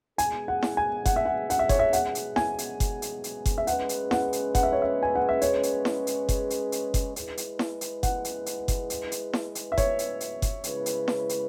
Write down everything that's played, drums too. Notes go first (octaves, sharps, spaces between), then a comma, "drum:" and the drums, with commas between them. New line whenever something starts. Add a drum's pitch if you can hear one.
B2 G#3 B3 G#4 G#5, drum: hi-hat
F#5
drum: snare E4
G#5
F#5, drum: kick F#1, hi-hat
E5
F#5
F#5, drum: hi-hat
E5
C#5, drum: kick F#1, hi-hat
E5
F#5, drum: hi-hat
drum: hi-hat
G#5, drum: snare E4
drum: hi-hat
drum: kick F#1, hi-hat
drum: hi-hat
drum: hi-hat
drum: kick F#1, hi-hat
E5
G#3 C#4 G#4 B4 F#5, drum: hi-hat
drum: hi-hat
F#5, drum: snare E4
drum: hi-hat
F#5, drum: kick F#1, hi-hat
E5
C#5
E5
G#5
F#5
E5
C#5, drum: hi-hat
drum: hi-hat
drum: snare E4
drum: hi-hat
drum: kick F#1, hi-hat
drum: hi-hat
drum: hi-hat
drum: kick F#1, hi-hat
G#3 E4 G#4 B4, drum: hi-hat
drum: hi-hat
drum: snare E4
drum: hi-hat
F#5, drum: kick F#1, hi-hat
drum: hi-hat
drum: hi-hat
drum: kick F#1, hi-hat
drum: hi-hat
drum: hi-hat
drum: snare E4
drum: hi-hat
E5
C#5, drum: kick F#1, hi-hat
drum: hi-hat
drum: hi-hat
drum: kick F#1, hi-hat
C#3 G#3 E4 B4, drum: hi-hat
drum: hi-hat
drum: snare E4
drum: hi-hat